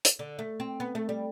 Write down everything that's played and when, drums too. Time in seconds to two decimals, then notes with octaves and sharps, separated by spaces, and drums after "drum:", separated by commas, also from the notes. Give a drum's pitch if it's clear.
0.05 drum: hi-hat
0.19 D3
0.39 A3
0.60 C4
0.80 B3
0.95 A3
1.09 G3